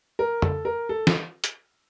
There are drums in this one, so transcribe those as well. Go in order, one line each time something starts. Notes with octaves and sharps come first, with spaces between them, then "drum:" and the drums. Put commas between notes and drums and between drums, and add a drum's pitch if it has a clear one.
A#4
A4, drum: tom F2
A#4
A4
drum: snare
drum: hi-hat